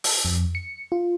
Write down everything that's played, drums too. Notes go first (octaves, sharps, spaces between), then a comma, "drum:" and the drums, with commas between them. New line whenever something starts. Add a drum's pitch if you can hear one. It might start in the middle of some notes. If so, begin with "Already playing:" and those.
drum: open hi-hat
F2
C#7
F4